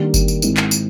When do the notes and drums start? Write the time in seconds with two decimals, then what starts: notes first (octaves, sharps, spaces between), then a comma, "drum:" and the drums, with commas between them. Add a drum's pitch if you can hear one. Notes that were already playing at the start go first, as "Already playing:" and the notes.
Already playing: D#3 G3 A#3 D4 G4
0.14 drum: kick G1, tambourine
0.28 drum: tambourine
0.42 G#2 D#3 G#3 C4 E4, drum: tambourine
0.57 drum: clap
0.71 drum: tambourine